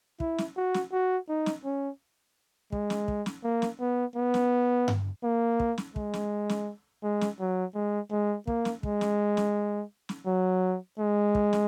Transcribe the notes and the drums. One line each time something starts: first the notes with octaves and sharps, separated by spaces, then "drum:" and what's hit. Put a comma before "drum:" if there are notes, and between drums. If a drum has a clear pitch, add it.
E4, drum: kick
drum: snare
F#4
drum: snare
F#4
D#4
drum: snare
C#4
G#3, drum: kick
drum: snare
drum: kick
drum: snare
A#3
drum: snare
B3
B3
drum: snare
drum: tom G2
A#3
drum: kick
drum: snare
G#3, drum: kick
drum: snare
drum: snare
G#3
drum: snare
F#3
G#3
G#3
A#3, drum: kick
drum: snare
G#3, drum: kick
drum: snare
drum: snare
drum: snare
F#3
G#3
drum: kick
drum: snare